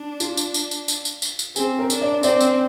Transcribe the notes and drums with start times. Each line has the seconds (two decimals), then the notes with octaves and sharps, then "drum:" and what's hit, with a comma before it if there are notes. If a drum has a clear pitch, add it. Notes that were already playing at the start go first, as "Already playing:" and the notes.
Already playing: D4
0.20 F4, drum: tambourine
0.37 drum: tambourine
0.54 drum: tambourine
0.71 drum: tambourine
0.88 drum: tambourine
1.05 drum: tambourine
1.22 drum: tambourine
1.39 drum: tambourine
1.56 C4 G#4, drum: tambourine
1.79 A#4
1.90 D4, drum: tambourine
2.02 D5
2.23 C4 D5, drum: tambourine
2.41 drum: tambourine